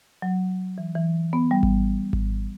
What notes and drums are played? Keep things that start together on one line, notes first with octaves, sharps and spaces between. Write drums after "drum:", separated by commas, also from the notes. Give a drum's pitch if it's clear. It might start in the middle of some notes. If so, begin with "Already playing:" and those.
F#3
E3
E3
B3
G3
drum: kick G#1
drum: kick G#1